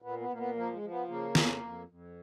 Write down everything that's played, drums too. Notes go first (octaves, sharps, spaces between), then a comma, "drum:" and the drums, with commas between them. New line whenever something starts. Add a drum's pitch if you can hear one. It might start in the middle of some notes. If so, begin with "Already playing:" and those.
A#2 B3
B3
A#2 A#3
B3
F3 A#3
G#3
F3
B3
C#3 A#3
F2, drum: snare
F2
F2